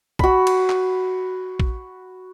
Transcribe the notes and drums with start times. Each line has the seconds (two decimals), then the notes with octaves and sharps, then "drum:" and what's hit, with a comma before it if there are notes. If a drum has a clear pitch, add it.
0.19 F#4 B5, drum: kick
0.47 drum: cymbal
0.70 drum: clap
1.60 drum: kick